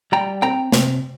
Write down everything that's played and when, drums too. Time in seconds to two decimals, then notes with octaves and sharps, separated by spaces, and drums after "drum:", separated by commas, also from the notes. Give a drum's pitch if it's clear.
0.12 G3 G5 A#5
0.42 C4 G5 A#5
0.72 C3, drum: snare